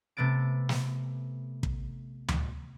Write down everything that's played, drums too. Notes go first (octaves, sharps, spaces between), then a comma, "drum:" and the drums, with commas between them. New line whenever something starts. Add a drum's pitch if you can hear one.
C3 A3 B3 A6 D7
drum: snare
drum: kick
drum: tom D2